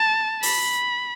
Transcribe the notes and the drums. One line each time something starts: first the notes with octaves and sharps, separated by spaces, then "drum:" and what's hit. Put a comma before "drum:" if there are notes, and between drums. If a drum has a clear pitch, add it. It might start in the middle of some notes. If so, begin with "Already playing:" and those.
Already playing: A5
B5, drum: open hi-hat